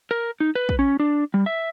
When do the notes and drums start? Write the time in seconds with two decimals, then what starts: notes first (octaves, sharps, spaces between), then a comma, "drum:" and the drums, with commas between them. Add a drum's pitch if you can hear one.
0.11 A#4
0.40 D#4
0.55 B4
0.69 drum: kick
0.79 C#4
1.00 D4
1.34 G3
1.46 E5